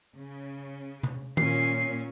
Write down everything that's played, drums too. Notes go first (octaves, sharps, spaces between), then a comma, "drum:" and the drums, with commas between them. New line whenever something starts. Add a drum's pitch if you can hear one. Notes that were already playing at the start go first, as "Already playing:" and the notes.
C#3
drum: tom C3
A#2 C#4 C7, drum: tom D#3